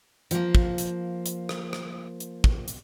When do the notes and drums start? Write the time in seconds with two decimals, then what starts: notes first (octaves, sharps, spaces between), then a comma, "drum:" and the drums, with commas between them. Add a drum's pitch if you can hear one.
0.31 F3 A#3, drum: hi-hat
0.55 drum: kick
0.78 drum: hi-hat
1.26 drum: hi-hat
1.49 drum: rim click
1.73 drum: rim click
2.20 drum: hi-hat
2.44 drum: kick
2.68 drum: hi-hat